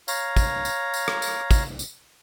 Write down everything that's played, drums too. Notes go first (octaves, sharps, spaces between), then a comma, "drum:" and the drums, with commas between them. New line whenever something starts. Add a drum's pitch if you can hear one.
C#5 F5 A#5, drum: tambourine
drum: kick, tambourine
drum: tambourine
drum: tambourine
drum: rim click
drum: tambourine
drum: kick, tambourine
drum: tambourine